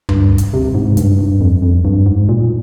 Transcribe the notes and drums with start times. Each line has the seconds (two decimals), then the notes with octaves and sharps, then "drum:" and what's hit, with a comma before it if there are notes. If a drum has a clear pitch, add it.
0.09 G2, drum: tom D2
0.38 drum: kick, hi-hat
0.53 C3
0.75 G#2
0.97 G2, drum: hi-hat
1.19 G2
1.41 F2
1.62 F2
1.85 G2
2.06 G#2
2.29 A#2